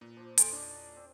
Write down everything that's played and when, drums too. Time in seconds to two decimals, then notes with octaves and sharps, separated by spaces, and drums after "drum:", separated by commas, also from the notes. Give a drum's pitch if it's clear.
0.01 A#2 B4
0.16 F3 D4 C5
0.38 E2 D4 G4 A4 D#5 C6 D7, drum: hi-hat
0.53 C#4 D4
0.96 C4